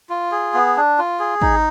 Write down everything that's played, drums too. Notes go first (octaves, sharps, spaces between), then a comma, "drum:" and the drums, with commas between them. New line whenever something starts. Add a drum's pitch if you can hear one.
F4
G#4
B3
D4
F4
G#4
D#4, drum: kick